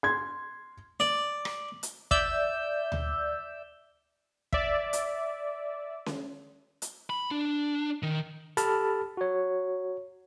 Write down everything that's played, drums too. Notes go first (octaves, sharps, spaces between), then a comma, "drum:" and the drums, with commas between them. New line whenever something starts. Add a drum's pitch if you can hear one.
C6 G#6
D5
drum: rim click
drum: hi-hat
D5 E5 E6 G6, drum: kick
drum: tom D2
D5 E5, drum: kick
drum: hi-hat
drum: snare C#4
drum: hi-hat
B5
D4
D#3
G4 A4 A5 B5 F6, drum: hi-hat
F#4 C#5